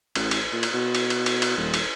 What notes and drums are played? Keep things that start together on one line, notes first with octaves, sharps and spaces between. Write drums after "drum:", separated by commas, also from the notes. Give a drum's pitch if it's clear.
A1, drum: cymbal
drum: cymbal
A#2
drum: cymbal
B2
drum: cymbal
drum: cymbal
drum: cymbal
drum: cymbal
D#1
drum: cymbal